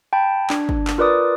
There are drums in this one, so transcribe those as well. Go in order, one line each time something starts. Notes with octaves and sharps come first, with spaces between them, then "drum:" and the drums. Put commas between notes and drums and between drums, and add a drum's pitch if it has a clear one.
G5 A5 B5
D4, drum: clap
drum: kick
drum: clap
F4 A#4 B4 D5 D6 D#6